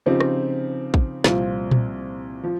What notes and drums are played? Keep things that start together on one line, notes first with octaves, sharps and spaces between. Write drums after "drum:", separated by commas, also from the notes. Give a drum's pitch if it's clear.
C#3 F3 C4 D#4 G4
drum: rim click
drum: kick
C2 A#2 F3 C4 F4, drum: snare
drum: tom A#2
F3 F4